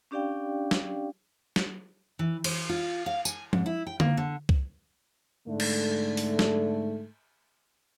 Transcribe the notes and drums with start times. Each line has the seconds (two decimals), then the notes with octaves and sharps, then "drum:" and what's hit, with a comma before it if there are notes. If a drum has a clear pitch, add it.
0.11 C#4 D4 G4 D5 F5 G5
0.71 drum: snare
1.56 drum: snare
2.19 E3
2.44 C5, drum: cymbal
2.69 F4
3.06 F5
3.25 G#5, drum: tambourine
3.53 G#2, drum: tom F3
3.66 E4
3.87 G5
4.00 A#3, drum: tom D3
4.17 D3
4.49 drum: kick C2
5.47 G#2 D3 A3
5.60 drum: cymbal
6.17 drum: open hi-hat
6.39 drum: snare